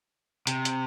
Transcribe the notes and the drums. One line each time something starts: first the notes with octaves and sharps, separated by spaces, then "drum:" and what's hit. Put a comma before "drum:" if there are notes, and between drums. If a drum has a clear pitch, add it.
C3, drum: hi-hat
drum: hi-hat